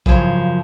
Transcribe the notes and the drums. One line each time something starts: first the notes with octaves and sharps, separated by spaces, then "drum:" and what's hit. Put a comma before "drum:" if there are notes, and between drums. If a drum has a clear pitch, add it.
F#2 C#3 F3, drum: kick A#1